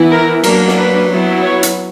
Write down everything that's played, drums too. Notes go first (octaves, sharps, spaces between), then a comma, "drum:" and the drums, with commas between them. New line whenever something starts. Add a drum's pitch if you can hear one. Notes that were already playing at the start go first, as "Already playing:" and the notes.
Already playing: E3 B3 E4
A#4
F#3 A#3 D4 A#4, drum: cymbal
drum: snare
B4
F#3 B3 E4
C#5
drum: hi-hat